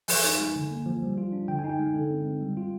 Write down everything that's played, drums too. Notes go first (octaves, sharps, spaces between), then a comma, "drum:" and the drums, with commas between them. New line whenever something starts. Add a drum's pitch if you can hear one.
F3 G#5, drum: open hi-hat
D#4
G#3
D3
A#3
F3
G3
F4
D4
D3 G5
G#5
D#4
G5
G#3
D3
C4
G#3
G3
F4